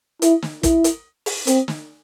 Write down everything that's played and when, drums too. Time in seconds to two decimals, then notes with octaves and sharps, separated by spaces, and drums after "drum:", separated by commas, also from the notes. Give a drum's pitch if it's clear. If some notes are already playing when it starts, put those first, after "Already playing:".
0.22 E4, drum: hi-hat
0.42 drum: snare
0.63 E4, drum: kick, hi-hat
0.84 drum: hi-hat
1.26 drum: open hi-hat
1.47 C4, drum: hi-hat
1.68 drum: snare